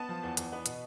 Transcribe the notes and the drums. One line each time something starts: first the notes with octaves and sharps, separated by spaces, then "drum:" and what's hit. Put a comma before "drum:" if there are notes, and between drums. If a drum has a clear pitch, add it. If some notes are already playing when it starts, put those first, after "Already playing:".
Already playing: B3 A5
F3
E2
E2, drum: hi-hat
B3
B2, drum: hi-hat